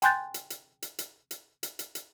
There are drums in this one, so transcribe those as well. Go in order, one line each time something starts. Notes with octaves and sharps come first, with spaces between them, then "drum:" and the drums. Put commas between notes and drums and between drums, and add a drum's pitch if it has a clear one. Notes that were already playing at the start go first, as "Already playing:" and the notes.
G5 G#5 C6 F#6 G6 A6, drum: hi-hat
drum: hi-hat
drum: hi-hat
drum: hi-hat
drum: hi-hat
drum: hi-hat
drum: hi-hat
drum: hi-hat
drum: hi-hat